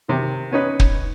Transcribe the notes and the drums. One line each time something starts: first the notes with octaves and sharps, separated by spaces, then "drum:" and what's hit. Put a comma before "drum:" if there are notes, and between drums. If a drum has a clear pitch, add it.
C3 D#3
B3 C#4 D#4 B4
drum: kick